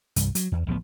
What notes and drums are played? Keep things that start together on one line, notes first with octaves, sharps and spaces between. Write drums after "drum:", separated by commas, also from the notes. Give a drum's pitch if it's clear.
C2 G2, drum: hi-hat
F#3, drum: hi-hat
E2
D1 A1 F3 B3